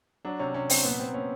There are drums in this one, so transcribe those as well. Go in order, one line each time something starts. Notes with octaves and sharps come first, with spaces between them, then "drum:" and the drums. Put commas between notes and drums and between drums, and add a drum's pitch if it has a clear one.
F#3 D4
C3 C#4
C3 C#4
F#3 C4, drum: open hi-hat
A#2 B3
A#2 C4
A#2 C#4